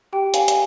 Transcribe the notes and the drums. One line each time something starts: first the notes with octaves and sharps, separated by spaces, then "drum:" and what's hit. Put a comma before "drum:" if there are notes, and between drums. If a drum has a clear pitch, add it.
G4 G5
F5 G#5, drum: hi-hat
drum: hi-hat